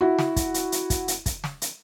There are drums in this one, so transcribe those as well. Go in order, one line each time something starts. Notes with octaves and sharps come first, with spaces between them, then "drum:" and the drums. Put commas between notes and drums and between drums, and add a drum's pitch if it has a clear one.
E4 F#4
drum: snare
drum: kick, hi-hat
drum: hi-hat
drum: hi-hat
drum: kick, hi-hat
drum: hi-hat
drum: kick, hi-hat
drum: snare
drum: hi-hat